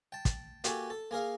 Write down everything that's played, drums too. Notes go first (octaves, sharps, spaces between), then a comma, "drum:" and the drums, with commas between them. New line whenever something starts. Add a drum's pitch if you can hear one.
G5 A5
drum: kick, hi-hat
A#3 F#4 G4 A4 G#5, drum: hi-hat
A4
A#3 G#4 A#4 F5